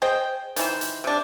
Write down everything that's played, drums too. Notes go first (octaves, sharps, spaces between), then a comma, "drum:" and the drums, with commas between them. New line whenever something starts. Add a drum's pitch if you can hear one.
G#4 C5 D#5 G5
D#3 E3 D4 C5, drum: hi-hat
drum: hi-hat
C3 D4